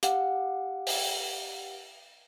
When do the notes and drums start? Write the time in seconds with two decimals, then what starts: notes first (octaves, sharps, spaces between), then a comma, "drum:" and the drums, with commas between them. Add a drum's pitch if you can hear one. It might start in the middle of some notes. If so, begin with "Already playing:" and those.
0.03 G4 F5 F#5, drum: hi-hat
0.87 drum: open hi-hat